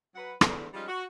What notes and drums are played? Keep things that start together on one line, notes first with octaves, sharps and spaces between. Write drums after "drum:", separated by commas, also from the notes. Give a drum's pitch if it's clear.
F#3 B4 F#5
E2 D3, drum: rim click
F3 G3 G#3 C#4 D#4 F4
F#4